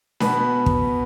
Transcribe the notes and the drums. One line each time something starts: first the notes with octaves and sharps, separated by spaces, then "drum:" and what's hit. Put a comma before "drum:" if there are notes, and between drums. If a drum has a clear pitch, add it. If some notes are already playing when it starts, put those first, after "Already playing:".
B2 B4, drum: snare D4
B3
drum: kick